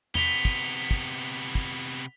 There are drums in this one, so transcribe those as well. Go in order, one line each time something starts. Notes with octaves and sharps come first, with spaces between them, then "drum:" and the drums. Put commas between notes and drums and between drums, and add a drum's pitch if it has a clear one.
C3 B3 B6 F7 G7, drum: tom E2
drum: kick
drum: kick
drum: kick